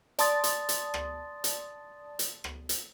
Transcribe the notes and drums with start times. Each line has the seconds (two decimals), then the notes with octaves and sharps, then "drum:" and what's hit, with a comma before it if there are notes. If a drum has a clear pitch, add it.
0.19 D5 A5 C6 D#6 A6, drum: hi-hat
0.44 drum: hi-hat
0.69 drum: hi-hat
0.94 drum: rim click
1.44 drum: hi-hat
2.19 drum: hi-hat
2.44 drum: rim click
2.69 drum: hi-hat